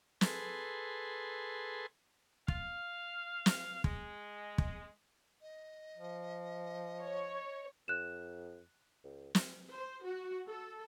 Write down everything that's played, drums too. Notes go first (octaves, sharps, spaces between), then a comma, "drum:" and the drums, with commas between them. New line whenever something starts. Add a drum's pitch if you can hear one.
G#4 A4 B4 C6, drum: snare
F5, drum: kick
drum: snare
G#3, drum: kick
drum: kick
D#5
F3
C#5
F2 F#6 E7
C#2
drum: snare
C5
F#4
A4